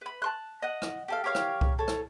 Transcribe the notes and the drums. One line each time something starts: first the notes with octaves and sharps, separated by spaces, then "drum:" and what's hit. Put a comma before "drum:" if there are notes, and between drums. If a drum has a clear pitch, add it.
B4 B5
A5 C6 F#6
D#5 F#5
drum: rim click
G4 A4 F5
G4 A#4 C#5 F5
drum: rim click
drum: kick C2
A4 C#5
drum: rim click